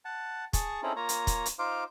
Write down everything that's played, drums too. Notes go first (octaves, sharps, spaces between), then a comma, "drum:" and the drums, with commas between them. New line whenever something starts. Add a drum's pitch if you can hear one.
F#5 A5
G#4 A5 C#6, drum: kick, hi-hat
C4 C#4 D#4 E4 G#4 A4
A#3 F4 C#5 A#5
drum: hi-hat
drum: kick, hi-hat
drum: hi-hat
D#4 F4 C5 F5 D6